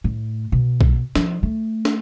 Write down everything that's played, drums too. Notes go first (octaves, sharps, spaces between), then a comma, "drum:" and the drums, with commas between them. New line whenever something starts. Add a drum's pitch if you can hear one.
A2
B2
drum: kick
F3, drum: snare
A3
drum: snare